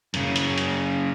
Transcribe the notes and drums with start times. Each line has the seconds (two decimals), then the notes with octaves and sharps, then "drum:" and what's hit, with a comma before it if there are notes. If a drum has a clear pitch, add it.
0.14 F#2 C#3, drum: hi-hat
0.36 drum: hi-hat
0.58 drum: hi-hat